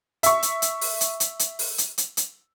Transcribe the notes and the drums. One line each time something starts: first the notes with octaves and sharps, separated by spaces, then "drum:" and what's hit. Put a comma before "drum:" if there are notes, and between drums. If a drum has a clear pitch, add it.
E5 C#6, drum: hi-hat
drum: hi-hat
drum: hi-hat
drum: open hi-hat
drum: hi-hat
drum: hi-hat
drum: hi-hat
drum: open hi-hat
drum: hi-hat
drum: hi-hat
drum: hi-hat